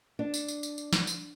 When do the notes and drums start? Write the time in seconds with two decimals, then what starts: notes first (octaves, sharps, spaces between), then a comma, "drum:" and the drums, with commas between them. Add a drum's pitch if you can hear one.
0.19 D4
0.34 drum: tambourine
0.48 drum: tambourine
0.63 drum: tambourine
0.78 drum: tambourine
0.93 drum: snare
1.07 drum: tambourine